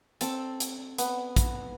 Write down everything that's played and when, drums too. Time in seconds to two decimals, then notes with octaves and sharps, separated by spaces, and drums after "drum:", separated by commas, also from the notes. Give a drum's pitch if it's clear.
0.21 C4 A4 A5, drum: hi-hat
0.60 drum: hi-hat
0.98 B3, drum: hi-hat
1.36 drum: kick, hi-hat